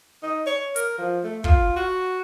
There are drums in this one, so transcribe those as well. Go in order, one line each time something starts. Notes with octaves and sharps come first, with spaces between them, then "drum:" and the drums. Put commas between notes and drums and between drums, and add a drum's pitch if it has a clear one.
D#4
C#5
A#4, drum: hi-hat
F3
A3
F4, drum: kick
F#4